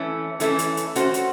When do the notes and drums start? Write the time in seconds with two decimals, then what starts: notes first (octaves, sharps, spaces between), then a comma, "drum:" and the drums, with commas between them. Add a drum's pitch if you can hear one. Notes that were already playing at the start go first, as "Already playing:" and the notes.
Already playing: E3 A3 C#4
0.40 E3 A3 C#4, drum: hi-hat
0.59 drum: hi-hat
0.77 drum: hi-hat
0.95 A3 C#4 F#4 C5, drum: hi-hat
1.14 drum: hi-hat